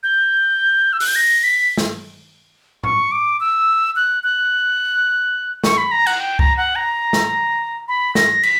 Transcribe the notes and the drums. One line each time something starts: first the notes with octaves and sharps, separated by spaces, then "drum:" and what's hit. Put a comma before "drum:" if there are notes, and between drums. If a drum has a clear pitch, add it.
G6
E6
F#6, drum: open hi-hat
G6
A#6
B6
drum: snare
C#6, drum: tom A2
D6
E6
F#6
F#6
C#6, drum: snare
B5
A#5
F#5, drum: cymbal
G5
A#5, drum: kick C#2
F#5
A#5
drum: snare
B5
A#6, drum: snare
B6, drum: cymbal